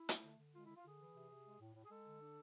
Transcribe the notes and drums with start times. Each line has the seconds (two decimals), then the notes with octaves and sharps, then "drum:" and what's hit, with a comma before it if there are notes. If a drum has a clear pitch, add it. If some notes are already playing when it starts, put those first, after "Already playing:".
Already playing: E4
0.09 A3, drum: hi-hat
0.24 D3
0.39 D3
0.54 G#3 F4
0.65 E4
0.69 D3
0.76 F4
0.85 D3 G#4
1.00 E3
1.15 C3
1.30 C3
1.45 G#3
1.60 A2
1.75 A2
1.84 G#4
1.90 G#3 A4
2.06 D3
2.20 D4